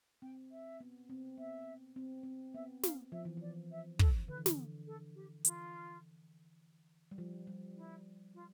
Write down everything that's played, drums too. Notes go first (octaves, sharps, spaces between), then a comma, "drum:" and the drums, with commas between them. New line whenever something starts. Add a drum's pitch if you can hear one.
C4 G5
E5
B3
C4
B3 E5
C4
C4
B3 E5
F5, drum: snare
F3 E5
E3
F3 D5
E5
A4, drum: kick
D3 B4
E3
D3, drum: snare
A4
G4
E3 F4, drum: hi-hat
G3
F3
G3
E4
F4